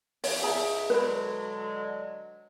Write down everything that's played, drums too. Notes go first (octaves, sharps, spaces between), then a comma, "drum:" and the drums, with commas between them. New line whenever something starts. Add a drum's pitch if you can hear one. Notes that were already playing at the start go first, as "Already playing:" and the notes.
E3 C#5, drum: open hi-hat
C#2 G#4 E5 A#5
D3 F#3 G#3 B4